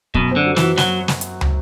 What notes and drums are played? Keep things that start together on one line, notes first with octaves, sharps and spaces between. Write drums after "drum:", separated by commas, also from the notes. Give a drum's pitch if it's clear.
F#2 B2, drum: kick
C4
D3
F#3
E3, drum: snare
F#4
F#3, drum: snare
drum: snare
drum: hi-hat
drum: tom